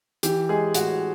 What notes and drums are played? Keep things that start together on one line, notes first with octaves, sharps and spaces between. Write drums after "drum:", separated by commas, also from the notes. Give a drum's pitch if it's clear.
E3 G4, drum: hi-hat
G#3 G#4
A2 F#4, drum: hi-hat